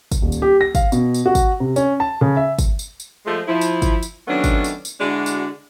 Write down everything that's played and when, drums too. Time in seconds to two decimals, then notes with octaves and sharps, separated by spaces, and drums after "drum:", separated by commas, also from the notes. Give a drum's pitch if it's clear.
0.12 drum: kick, tambourine
0.22 D#1
0.32 drum: tambourine
0.42 G4
0.61 A#6
0.75 F5, drum: kick, tambourine
0.92 B2, drum: tambourine
1.14 drum: tambourine
1.26 F#4
1.35 drum: kick, tambourine
1.60 C3
1.76 C#4, drum: tambourine
2.00 A5
2.21 C#3
2.37 E5
2.59 drum: kick, tambourine
2.79 drum: tambourine
3.00 drum: tambourine
3.26 F3 G#3 A3
3.47 F3 E4
3.61 drum: tambourine
3.82 drum: kick, tambourine
4.03 drum: tambourine
4.27 D#3 F#3 A3 B3 C#4 D4
4.44 drum: kick, tambourine
4.64 drum: tambourine
4.85 drum: tambourine
5.00 D3 G#3 D4 E4 F#4
5.26 drum: tambourine